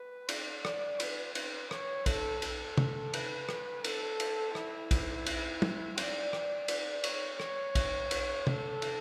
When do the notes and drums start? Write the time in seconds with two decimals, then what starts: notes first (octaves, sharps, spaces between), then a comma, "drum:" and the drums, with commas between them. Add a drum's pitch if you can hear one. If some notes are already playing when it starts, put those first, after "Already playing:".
Already playing: B4
0.29 D5, drum: cymbal
0.65 D5, drum: rim click
1.00 B4, drum: cymbal
1.35 drum: cymbal
1.71 C#5, drum: rim click
2.06 A4, drum: kick, cymbal
2.42 A4, drum: cymbal
2.78 drum: tom
3.14 B4, drum: cymbal
3.49 drum: rim click
3.84 A4, drum: cymbal
4.20 drum: cymbal
4.55 E4, drum: rim click
4.91 drum: kick, cymbal
5.26 drum: cymbal
5.62 drum: tom
5.98 D5, drum: cymbal
6.33 drum: rim click
6.68 D5, drum: cymbal
7.04 C#5, drum: cymbal
7.40 C#5, drum: rim click
7.75 drum: kick, cymbal
8.11 drum: cymbal
8.47 A4, drum: tom
8.82 drum: cymbal